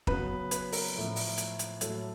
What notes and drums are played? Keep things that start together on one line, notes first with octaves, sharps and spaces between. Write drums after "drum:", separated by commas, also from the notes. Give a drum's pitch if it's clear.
C#3 F#3 B3 B4, drum: kick
B4, drum: hi-hat
A#4, drum: open hi-hat
A2 F3 A3
drum: open hi-hat
drum: hi-hat
drum: hi-hat
A2 F#3 A3 A4, drum: hi-hat